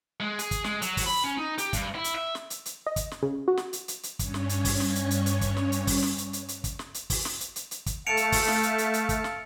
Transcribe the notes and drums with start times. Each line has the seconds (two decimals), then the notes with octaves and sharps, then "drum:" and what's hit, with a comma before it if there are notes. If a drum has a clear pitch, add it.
0.20 G#3
0.39 G#4, drum: hi-hat
0.51 drum: kick, hi-hat
0.64 G#3, drum: snare
0.82 F#3, drum: hi-hat
0.97 drum: kick, open hi-hat
1.06 B5
1.24 C#4
1.37 D#4
1.58 G4, drum: hi-hat
1.73 G2, drum: kick, hi-hat
1.95 E4
2.04 drum: hi-hat
2.15 E5
2.35 drum: snare
2.50 drum: hi-hat
2.66 drum: hi-hat
2.87 D#5
2.96 drum: kick, hi-hat
3.11 drum: snare
3.23 C#3
3.48 F#4
3.57 drum: snare
3.73 drum: hi-hat
3.88 drum: hi-hat
4.03 drum: hi-hat
4.19 G2 C#4 C#5, drum: kick, hi-hat
4.34 drum: snare
4.49 drum: hi-hat
4.65 drum: kick, open hi-hat
4.80 drum: snare
4.95 drum: hi-hat
5.11 drum: hi-hat
5.26 drum: hi-hat
5.41 drum: kick, hi-hat
5.57 drum: snare
5.72 drum: hi-hat
5.87 drum: kick, open hi-hat
6.03 drum: snare
6.18 drum: hi-hat
6.33 drum: hi-hat
6.48 drum: hi-hat
6.64 drum: kick, hi-hat
6.79 drum: snare
6.94 drum: hi-hat
7.10 drum: kick, open hi-hat
7.25 drum: snare
7.40 drum: hi-hat
7.56 drum: hi-hat
7.71 drum: hi-hat
7.86 drum: kick, hi-hat
8.07 A3 E5 F5 A5 C#7 D7 F7
8.17 drum: hi-hat
8.32 drum: kick, open hi-hat
8.48 drum: snare
8.63 drum: hi-hat
8.78 drum: hi-hat
8.94 drum: hi-hat
9.09 drum: kick, hi-hat
9.24 drum: snare